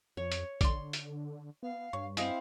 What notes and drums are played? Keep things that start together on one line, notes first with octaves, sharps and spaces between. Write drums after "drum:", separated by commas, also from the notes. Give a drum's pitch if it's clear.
F2 C#5
drum: hi-hat
D3 D5 C6, drum: kick, hi-hat
drum: hi-hat
B3 F5
G2 C#5
C4 E4 G#4 D#5 F5, drum: hi-hat